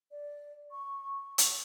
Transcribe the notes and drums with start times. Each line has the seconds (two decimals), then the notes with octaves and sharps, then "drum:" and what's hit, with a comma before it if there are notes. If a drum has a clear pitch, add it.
0.11 D5
0.71 C#6
1.38 drum: hi-hat